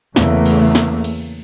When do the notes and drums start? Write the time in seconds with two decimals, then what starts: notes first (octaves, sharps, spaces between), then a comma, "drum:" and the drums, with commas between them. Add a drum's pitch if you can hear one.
0.16 E2 C#3 A3 A#3, drum: snare
0.46 drum: cymbal
0.75 drum: snare
1.04 drum: cymbal